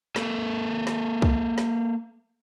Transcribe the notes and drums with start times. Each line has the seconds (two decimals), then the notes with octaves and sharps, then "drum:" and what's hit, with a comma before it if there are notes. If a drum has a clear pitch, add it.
0.16 A#3 A4 A#4, drum: snare
0.87 drum: snare
1.22 drum: kick
1.58 drum: snare